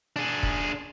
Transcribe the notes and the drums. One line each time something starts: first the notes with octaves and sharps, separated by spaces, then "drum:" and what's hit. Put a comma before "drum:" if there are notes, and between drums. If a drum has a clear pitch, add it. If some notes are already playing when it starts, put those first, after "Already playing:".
D4 G#4
drum: kick